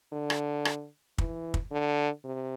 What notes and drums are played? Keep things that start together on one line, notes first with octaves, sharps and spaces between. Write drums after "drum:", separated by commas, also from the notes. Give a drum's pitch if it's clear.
D3
drum: rim click
drum: rim click
E3, drum: kick
drum: kick
D3
C3